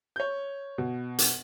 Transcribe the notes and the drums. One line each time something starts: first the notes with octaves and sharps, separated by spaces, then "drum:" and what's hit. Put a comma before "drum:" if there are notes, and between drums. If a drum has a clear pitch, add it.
C#5 G6
B2
drum: hi-hat